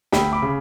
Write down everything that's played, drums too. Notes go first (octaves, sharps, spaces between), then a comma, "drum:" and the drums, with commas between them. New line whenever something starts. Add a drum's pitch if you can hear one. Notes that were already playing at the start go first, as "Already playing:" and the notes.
D2 G5 B5, drum: snare
B5 D6
C#3